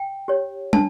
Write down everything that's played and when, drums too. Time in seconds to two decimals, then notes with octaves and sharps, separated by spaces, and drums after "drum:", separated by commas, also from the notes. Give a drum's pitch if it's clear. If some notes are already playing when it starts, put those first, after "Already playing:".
Already playing: G5
0.28 G4 C#5
0.73 D4 A5, drum: tom